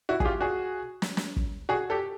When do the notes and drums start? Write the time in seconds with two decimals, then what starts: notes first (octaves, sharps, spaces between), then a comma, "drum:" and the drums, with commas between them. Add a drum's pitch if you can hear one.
0.09 E4 F#4
0.20 G#4, drum: kick
0.25 F4 G4
0.41 F#4 G#4
1.02 drum: snare
1.17 drum: snare
1.37 drum: kick
1.69 F#4 G#4
1.90 G4 A4